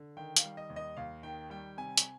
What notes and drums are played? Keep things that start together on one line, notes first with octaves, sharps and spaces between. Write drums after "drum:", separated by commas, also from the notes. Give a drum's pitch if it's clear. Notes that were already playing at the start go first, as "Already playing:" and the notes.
Already playing: D3
D#3 G5
F5, drum: hi-hat
G3
D#5
D#2
D#5
D#2 F5
D#3 G5
G3 G5
C3 G#5
drum: hi-hat